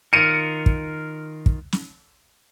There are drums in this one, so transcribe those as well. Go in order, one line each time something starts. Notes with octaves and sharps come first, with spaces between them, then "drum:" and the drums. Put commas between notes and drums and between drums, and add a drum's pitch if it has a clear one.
D#3 F4 A#4 C#7 D#7
drum: kick
drum: kick
drum: snare